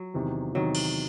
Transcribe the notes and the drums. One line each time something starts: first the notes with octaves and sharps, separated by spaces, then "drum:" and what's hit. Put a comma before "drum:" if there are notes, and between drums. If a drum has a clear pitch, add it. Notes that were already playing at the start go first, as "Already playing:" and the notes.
Already playing: F#3
E2 C3 D#3
E2 C3 D#3 F#3
drum: cymbal